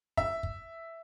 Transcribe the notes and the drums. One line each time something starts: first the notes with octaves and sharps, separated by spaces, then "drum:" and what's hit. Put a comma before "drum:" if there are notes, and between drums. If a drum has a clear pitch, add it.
E5, drum: kick
drum: kick